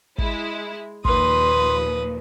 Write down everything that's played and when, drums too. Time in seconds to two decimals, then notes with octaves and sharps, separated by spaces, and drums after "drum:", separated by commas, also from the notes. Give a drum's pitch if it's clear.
0.18 G#3 E4, drum: kick
1.05 D#2 A#2 F3 B4 C6 D#6, drum: kick